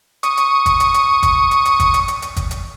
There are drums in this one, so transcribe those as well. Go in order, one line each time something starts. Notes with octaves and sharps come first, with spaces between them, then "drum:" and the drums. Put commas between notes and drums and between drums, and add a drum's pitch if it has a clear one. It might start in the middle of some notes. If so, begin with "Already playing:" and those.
C#6 D#6, drum: hi-hat
drum: hi-hat
drum: kick, hi-hat
drum: hi-hat
drum: hi-hat
drum: kick, hi-hat
drum: hi-hat
drum: hi-hat
drum: kick, hi-hat
drum: hi-hat
drum: hi-hat
drum: hi-hat
drum: kick, hi-hat
drum: hi-hat